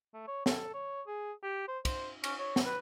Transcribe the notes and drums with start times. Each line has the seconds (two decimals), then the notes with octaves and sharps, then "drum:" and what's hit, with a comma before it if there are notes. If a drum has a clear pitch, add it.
0.14 A3
0.28 C#5
0.46 A4, drum: snare
0.74 C#5
1.07 G#4
1.43 G4
1.68 C5
1.85 C5, drum: kick, cymbal
2.24 C#4, drum: cymbal
2.39 C#5
2.56 drum: snare
2.66 B4